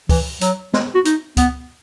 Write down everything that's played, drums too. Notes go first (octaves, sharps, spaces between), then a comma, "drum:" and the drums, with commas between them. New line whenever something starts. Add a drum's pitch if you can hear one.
E3, drum: kick C#2, open hi-hat
F#3, drum: hi-hat
G#3, drum: snare
F#4
D#4, drum: hi-hat
B3, drum: kick C#2, hi-hat